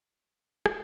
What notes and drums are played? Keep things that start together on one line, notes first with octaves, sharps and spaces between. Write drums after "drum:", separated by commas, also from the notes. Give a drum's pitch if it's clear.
D#4, drum: rim click